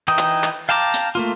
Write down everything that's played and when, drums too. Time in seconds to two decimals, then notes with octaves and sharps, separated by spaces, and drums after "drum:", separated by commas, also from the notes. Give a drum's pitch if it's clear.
0.08 E3 D#4 G5 D#6
0.18 drum: clap
0.44 drum: clap
0.69 F5 G5 A5 A#5 D6
0.94 drum: hi-hat
1.15 A3 A#3 F4